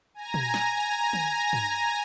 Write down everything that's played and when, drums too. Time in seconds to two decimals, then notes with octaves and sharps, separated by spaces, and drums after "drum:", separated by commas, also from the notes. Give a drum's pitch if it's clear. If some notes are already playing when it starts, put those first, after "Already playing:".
0.14 G#5 A#5 A#6
0.34 drum: tom
0.54 drum: snare
1.13 drum: tom
1.53 drum: tom